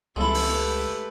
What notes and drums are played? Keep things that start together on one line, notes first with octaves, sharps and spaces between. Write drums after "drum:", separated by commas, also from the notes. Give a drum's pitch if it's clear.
C#2 E3 G3 G#3 B3 E4 A4
drum: open hi-hat
A3 G4 B4